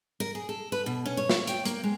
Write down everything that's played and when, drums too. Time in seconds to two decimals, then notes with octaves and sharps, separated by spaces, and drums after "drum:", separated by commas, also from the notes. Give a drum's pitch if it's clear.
0.20 A#4
0.35 G#4
0.49 A4
0.72 B4
0.86 B2
1.06 C#4
1.17 C#5
1.29 drum: snare
1.47 G5, drum: hi-hat
1.65 A#3, drum: hi-hat
1.84 G#3